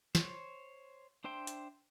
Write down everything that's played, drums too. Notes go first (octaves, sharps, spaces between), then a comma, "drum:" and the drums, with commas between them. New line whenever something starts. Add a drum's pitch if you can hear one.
C5 C#5, drum: snare
D4 C5 E5 G5 C6
drum: hi-hat